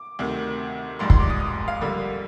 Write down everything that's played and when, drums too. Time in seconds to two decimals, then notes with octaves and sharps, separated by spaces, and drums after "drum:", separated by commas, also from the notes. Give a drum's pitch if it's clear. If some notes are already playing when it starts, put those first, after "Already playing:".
Already playing: D6
0.19 D2 C3 D#3
0.99 A#1 G#2 G3 C6
1.10 C6, drum: kick
1.20 D6
1.30 D#6
1.40 D#6
1.68 F5
1.81 F2 D3 G3 A#3